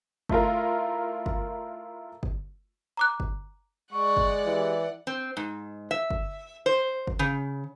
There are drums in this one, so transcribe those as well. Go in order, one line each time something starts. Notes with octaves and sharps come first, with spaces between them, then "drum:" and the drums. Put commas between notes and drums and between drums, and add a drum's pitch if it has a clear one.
A3 E4 F4 A#4, drum: kick G1
drum: kick G1
drum: kick G1
A#5 D6 F#6
drum: kick G1
G#3 D5 F#5 C#6
drum: kick G1
E3 G4
C4
G#2
E5
drum: kick G1
C5
drum: kick G1
C#3